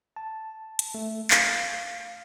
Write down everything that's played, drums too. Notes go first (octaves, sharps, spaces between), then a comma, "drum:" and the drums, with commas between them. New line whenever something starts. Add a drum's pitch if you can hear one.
A5
drum: hi-hat
A3
F5, drum: clap